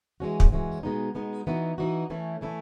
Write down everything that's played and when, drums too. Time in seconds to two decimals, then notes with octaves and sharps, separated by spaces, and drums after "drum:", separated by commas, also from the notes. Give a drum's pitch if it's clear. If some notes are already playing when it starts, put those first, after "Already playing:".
0.20 E3 G#3 C#4 F#4
0.40 drum: kick
0.52 E3 G#3 C#4 F#4
0.83 B2 G#3 B3 D#4
1.15 B2 G#3 B3 D#4
1.47 E3 B3 D#4 F#4
1.78 E3 B3 D#4 F#4
2.10 E3 A3 C#4 E4
2.41 E3 A3 C#4 E4